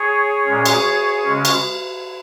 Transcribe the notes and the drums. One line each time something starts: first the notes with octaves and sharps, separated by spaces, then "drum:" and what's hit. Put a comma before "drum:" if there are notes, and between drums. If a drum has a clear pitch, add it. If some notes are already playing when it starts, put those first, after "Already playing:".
Already playing: G#4 C#5
A#2 G#3 C#4
drum: cymbal
C#3 G#3 C#4
drum: cymbal